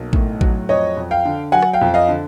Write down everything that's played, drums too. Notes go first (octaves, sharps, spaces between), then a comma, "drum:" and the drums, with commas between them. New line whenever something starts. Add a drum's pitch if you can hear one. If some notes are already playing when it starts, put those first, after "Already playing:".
Already playing: B1 A#3
A2, drum: kick A1
F#3, drum: kick A1
F2 C#5 D#5
F2
F5 G5
D3
F#3 F#5 G#5
drum: rim click
F5 G5
F2
D#5 F5
D3